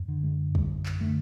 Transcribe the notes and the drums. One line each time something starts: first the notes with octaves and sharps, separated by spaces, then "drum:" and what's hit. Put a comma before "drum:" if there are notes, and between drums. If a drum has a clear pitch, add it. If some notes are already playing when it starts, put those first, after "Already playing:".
Already playing: F#2
D3
G#3
F#2 G3, drum: kick
drum: clap
D3 A3